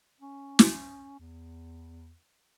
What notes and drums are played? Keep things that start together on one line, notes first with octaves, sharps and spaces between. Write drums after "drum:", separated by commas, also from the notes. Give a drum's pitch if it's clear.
C#4
drum: snare
E2